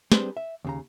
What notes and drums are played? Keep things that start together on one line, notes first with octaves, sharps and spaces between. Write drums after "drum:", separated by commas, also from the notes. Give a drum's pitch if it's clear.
G3 C4 D4 G#4 B4 C5, drum: snare
E5
D#2 C#3 A#5